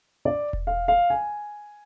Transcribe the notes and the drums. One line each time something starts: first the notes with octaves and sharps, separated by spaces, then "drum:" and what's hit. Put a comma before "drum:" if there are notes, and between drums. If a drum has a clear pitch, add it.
D5
drum: kick E1
F5
F5
G#5